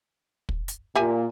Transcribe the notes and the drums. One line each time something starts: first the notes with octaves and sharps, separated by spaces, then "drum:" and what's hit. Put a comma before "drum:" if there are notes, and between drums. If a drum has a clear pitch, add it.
drum: kick
drum: hi-hat
A#2 G4 E5 G#5